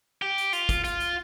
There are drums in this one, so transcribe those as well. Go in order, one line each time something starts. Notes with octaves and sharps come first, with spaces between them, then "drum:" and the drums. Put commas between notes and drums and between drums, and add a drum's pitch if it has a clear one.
G4
drum: hi-hat
F4, drum: hi-hat
drum: kick, hi-hat
F4, drum: hi-hat
drum: hi-hat